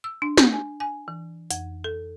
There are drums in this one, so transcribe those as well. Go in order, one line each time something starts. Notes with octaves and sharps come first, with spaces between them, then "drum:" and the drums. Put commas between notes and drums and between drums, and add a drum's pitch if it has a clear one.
E6
D4
G6, drum: snare
G#5
G#5
E3
F2, drum: hi-hat
A4